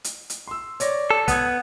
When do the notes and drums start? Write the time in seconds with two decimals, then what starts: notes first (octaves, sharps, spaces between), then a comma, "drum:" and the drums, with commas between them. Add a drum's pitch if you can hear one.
0.04 drum: hi-hat
0.30 drum: hi-hat
0.47 C6 E6
0.80 C#5 D5 A#6, drum: hi-hat
1.11 A4
1.28 B3 F#5 D#6 G#6, drum: kick, hi-hat